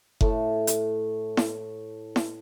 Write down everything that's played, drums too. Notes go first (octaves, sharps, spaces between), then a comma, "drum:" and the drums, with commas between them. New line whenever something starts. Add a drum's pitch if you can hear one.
A2 A5, drum: kick F#1
drum: hi-hat
drum: snare E4
drum: snare E4